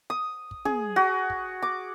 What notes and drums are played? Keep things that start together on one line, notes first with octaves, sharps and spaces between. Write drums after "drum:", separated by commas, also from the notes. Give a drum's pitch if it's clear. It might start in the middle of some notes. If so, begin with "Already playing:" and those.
D#6
drum: kick
G#4, drum: tom
F#4
drum: kick
D6